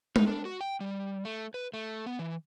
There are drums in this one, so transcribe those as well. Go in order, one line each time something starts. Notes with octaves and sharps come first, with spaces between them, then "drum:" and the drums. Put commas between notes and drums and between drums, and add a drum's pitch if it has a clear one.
D#4, drum: tom G#3
D4
F#4
G5
G3
A3
B4
A3
B3
E3